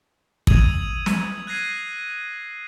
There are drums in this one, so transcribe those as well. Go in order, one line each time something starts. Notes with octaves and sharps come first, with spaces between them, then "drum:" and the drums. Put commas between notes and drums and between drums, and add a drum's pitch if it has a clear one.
D#6 E6 G#6 D#7 F7 F#7, drum: kick
drum: snare
F#6 G#6 A#6 C7 D#7